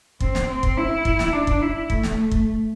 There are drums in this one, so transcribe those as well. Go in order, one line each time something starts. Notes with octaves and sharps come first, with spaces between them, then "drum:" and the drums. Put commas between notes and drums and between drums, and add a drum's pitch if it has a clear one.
C4, drum: kick
drum: snare
C4
drum: kick
E4
drum: kick
drum: snare
D4
drum: kick
E4
A3, drum: kick
drum: snare
drum: kick